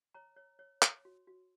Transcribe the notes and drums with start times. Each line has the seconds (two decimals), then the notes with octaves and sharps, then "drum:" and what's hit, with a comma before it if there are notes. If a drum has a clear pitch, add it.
0.14 C#5 A#5
0.36 C#5
0.59 C#5
0.82 C#5, drum: clap
1.05 F#4
1.27 F#4